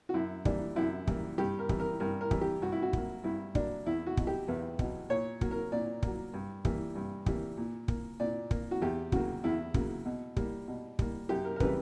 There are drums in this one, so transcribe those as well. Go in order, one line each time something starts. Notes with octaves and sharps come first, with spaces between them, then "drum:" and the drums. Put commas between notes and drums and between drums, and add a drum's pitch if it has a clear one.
F#4
F#2 E4
E3 G3 A#3 D4, drum: kick
F#2 E4
E3 G3 A#3, drum: kick
G2 G4
A#4
E3 G3, drum: kick
A#4
G2 A#4
A#4
E3 G3, drum: kick
G4
G2 F#4
E4
F#4
F#3 A#3, drum: kick
G2 E4
F#3 A#3 D4, drum: kick
E2 E4
F#4
B2 F#3, drum: kick
G4
E2 B4
B2 F#3, drum: kick
A#2 C#5
F#3 A#3, drum: kick
A#4
A#2 D5
F#3 A#3, drum: kick
G2
E3 G3 A#3, drum: kick
G2
E3 G3 A#3, drum: kick
A#2
A#3, drum: kick
A#2 D5
A#3, drum: kick
F#4
E2 G4
C#3 F#3 A#3 F#4, drum: kick
E2 E4
C#3 F#3 A#3, drum: kick
B2
G3 A#3, drum: kick
B2
G3 A#3, drum: kick
F#2 G4
A#4
A#4
C#3 E3 G3 B4, drum: kick